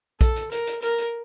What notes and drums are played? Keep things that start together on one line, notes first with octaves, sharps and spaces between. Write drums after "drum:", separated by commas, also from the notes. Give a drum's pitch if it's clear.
A4, drum: kick A#1, hi-hat
drum: hi-hat
A#4, drum: hi-hat
drum: hi-hat
A#4, drum: hi-hat
drum: hi-hat